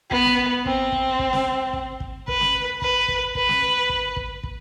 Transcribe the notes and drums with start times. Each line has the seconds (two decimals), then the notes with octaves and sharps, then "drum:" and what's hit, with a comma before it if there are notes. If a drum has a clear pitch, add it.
0.11 B3, drum: kick
0.25 drum: snare
0.66 C4, drum: kick
0.92 drum: kick
1.19 drum: kick
1.33 drum: snare
1.73 drum: kick
2.00 drum: kick
2.28 B4, drum: kick
2.41 drum: snare
2.82 B4, drum: kick
3.08 drum: kick
3.35 B4, drum: kick
3.49 drum: snare
3.89 drum: kick
4.16 drum: kick
4.43 drum: kick